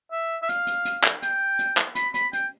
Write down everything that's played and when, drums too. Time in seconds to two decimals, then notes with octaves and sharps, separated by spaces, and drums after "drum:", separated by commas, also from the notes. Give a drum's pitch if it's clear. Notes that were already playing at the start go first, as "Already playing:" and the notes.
0.11 E5
0.42 E5
0.49 F5, drum: hi-hat
0.67 drum: hi-hat
0.85 drum: hi-hat
1.04 drum: clap
1.22 G5, drum: hi-hat
1.59 drum: hi-hat
1.77 drum: clap
1.95 B5, drum: hi-hat
2.14 B5, drum: hi-hat
2.33 G5, drum: hi-hat